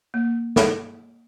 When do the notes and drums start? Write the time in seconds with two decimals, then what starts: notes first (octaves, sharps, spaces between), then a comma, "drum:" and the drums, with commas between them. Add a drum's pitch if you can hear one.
0.14 A#3
0.56 drum: snare